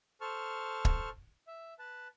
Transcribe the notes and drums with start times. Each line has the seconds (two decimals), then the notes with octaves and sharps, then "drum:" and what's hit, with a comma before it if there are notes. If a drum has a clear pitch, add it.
0.21 A4 C5 A5 C#6 F6
0.85 drum: kick
1.47 E5
1.79 B4 A5